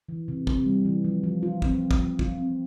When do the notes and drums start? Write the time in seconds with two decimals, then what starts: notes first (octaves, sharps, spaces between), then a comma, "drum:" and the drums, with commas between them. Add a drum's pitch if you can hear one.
0.09 E3
0.28 C3
0.47 C3, drum: kick
0.66 G3
0.85 E3
1.05 F3
1.24 F3
1.43 F4
1.62 C4, drum: kick
1.81 F3
1.91 drum: kick
2.00 F3
2.19 F4, drum: kick
2.38 C4